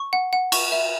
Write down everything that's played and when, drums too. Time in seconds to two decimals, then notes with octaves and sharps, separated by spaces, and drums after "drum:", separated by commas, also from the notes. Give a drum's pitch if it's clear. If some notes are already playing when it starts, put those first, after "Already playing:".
Already playing: C#6
0.13 F#5
0.33 F#5
0.52 C#6, drum: cymbal
0.72 E5